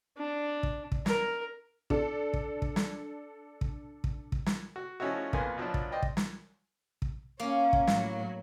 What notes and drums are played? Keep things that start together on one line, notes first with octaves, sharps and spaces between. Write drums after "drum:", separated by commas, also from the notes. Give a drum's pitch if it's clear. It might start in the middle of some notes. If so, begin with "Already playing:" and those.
D4
drum: kick
drum: kick
A#4, drum: snare
D4 A4, drum: kick
drum: kick
drum: kick
drum: snare
drum: kick
drum: kick
drum: kick
drum: snare
F#4
F3 A3 C#4 D#4 E4 F#4
F2 A#3 B3 G#5 C6, drum: kick
B2 F3 F#3 D4
drum: kick
C5 D5 D#5 G5
drum: kick
drum: snare
drum: kick
A#3 C#4
drum: kick
A2 F#3, drum: snare